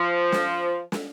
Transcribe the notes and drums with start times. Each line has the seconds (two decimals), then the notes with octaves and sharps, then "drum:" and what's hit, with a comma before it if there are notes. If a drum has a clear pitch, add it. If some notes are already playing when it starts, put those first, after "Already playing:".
Already playing: F3
0.32 drum: snare
0.92 drum: snare